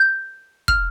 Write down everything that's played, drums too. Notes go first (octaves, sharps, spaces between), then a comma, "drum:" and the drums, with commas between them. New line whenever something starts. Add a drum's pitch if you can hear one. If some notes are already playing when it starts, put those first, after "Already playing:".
Already playing: G6
F6, drum: kick